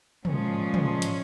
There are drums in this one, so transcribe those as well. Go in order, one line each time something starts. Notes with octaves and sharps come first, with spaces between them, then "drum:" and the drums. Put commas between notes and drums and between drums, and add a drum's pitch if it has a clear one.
A#2 F3 G#3 C#4, drum: tom
drum: tom
drum: hi-hat